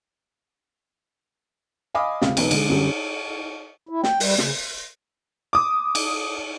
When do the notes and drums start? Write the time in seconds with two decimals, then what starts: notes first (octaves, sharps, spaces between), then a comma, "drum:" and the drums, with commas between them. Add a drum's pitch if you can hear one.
1.94 D#5 F5 G#5 B5 D6 D#6
2.22 C#2 C3 F5, drum: snare
2.37 E1 B1 B4, drum: cymbal
2.51 D3 G#3, drum: cymbal
2.69 F#2 D3 G3 C#4
3.89 E4
4.04 G5, drum: snare
4.20 G3, drum: open hi-hat
4.38 C#3, drum: snare
5.53 D6 D#6
5.95 drum: cymbal